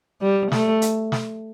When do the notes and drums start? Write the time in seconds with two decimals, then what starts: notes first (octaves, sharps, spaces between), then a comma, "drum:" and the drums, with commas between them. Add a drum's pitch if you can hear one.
0.22 G3
0.52 A3, drum: snare
0.82 drum: hi-hat
1.12 drum: snare